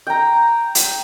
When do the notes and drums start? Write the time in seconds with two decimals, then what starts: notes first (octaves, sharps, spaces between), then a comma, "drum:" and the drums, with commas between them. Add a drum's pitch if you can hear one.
0.07 G5 A#5
0.75 drum: hi-hat